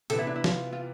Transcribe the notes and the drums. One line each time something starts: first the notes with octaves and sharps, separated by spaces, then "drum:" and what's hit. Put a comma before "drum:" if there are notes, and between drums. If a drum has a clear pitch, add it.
C3 E3 B3 A4, drum: hi-hat
E4
D4
E4
F4, drum: snare
F4